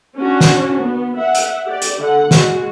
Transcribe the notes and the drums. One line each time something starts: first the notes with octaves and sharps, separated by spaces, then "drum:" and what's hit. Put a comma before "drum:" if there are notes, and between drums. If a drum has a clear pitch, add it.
C#4 D4 F#4
drum: snare
B3
E5 F#5
drum: hi-hat
G4 D5
drum: hi-hat
D3 F#5
G#3 F#4, drum: snare